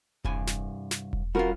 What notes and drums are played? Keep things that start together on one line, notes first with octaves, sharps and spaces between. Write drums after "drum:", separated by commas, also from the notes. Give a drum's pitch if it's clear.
C2 G2 G#5, drum: kick E1
drum: snare
drum: snare
drum: kick E1
G3 C#4 F4 F#4 A#4